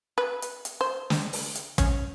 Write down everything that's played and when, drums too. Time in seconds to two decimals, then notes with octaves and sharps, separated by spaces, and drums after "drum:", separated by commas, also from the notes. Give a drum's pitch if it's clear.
0.18 B4
0.42 drum: hi-hat
0.65 drum: hi-hat
0.81 C5
1.10 drum: snare
1.33 drum: open hi-hat
1.55 drum: hi-hat
1.78 C#4, drum: kick, hi-hat